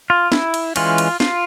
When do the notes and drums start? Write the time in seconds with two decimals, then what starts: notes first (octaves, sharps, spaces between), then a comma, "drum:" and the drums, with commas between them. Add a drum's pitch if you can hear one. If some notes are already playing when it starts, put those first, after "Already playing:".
0.10 F4
0.32 E4, drum: snare
0.54 drum: cymbal
0.76 E3 G#3 C#4 F4, drum: cymbal
0.98 drum: cymbal
1.20 F4, drum: snare